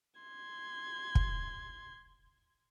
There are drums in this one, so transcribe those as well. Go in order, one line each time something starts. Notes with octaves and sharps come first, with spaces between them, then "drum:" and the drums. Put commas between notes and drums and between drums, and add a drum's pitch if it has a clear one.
C6 G#6
drum: kick